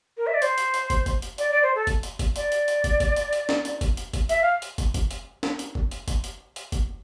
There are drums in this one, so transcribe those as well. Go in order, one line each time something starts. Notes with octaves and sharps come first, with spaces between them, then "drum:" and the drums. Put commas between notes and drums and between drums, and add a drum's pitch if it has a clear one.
A#4
E5
D5
C5, drum: hi-hat
drum: hi-hat
drum: hi-hat
drum: kick, hi-hat
drum: kick, hi-hat
drum: hi-hat
D5, drum: hi-hat
D5
C5
A4
drum: kick, hi-hat
drum: hi-hat
drum: kick, hi-hat
D5, drum: hi-hat
drum: hi-hat
drum: hi-hat
drum: kick, hi-hat
drum: kick, hi-hat
drum: hi-hat
drum: hi-hat
drum: snare
drum: hi-hat
drum: kick, hi-hat
drum: hi-hat
drum: kick, hi-hat
E5, drum: hi-hat
F5
drum: hi-hat
drum: kick, hi-hat
drum: kick, hi-hat
drum: hi-hat
drum: snare
drum: hi-hat
drum: kick
drum: hi-hat
drum: kick, hi-hat
drum: hi-hat
drum: hi-hat
drum: kick, hi-hat